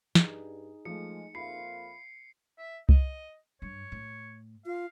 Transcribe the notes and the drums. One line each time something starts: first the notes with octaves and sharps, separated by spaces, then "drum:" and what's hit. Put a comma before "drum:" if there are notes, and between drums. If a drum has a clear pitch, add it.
G2 D#4 G#4, drum: snare
F3 G#3 A3 C#7
F2 A#3 F4 E5 F5 B5 C7
E5
D#5, drum: kick C2
G2 C#5
A2
F4 F5